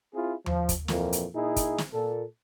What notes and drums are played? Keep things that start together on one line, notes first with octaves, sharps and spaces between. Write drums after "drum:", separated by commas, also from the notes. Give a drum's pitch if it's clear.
C4 E4 F4 G#4
F3, drum: tom D#2
drum: kick, hi-hat
F2 A#2 E3 A#3, drum: snare
drum: hi-hat
A#2 D#4 E4 G#4
drum: kick, hi-hat
drum: snare
A#2 A4